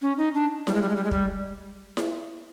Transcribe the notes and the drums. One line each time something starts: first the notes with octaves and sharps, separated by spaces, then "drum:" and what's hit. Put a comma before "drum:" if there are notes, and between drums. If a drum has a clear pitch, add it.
C#4
D#4
D4
G3, drum: snare E4
G#3
G3
G#3
G3
G#3
G3, drum: kick
drum: snare E4